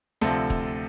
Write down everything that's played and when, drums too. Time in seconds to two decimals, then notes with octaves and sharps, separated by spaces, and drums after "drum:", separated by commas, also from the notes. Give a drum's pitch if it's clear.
0.21 D2 C3 F3 A4, drum: snare
0.50 drum: kick